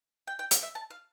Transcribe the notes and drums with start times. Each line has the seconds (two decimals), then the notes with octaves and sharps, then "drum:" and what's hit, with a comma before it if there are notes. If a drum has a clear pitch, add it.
0.27 G5
0.39 G5
0.51 F5, drum: hi-hat
0.63 E5
0.75 A5
0.90 F5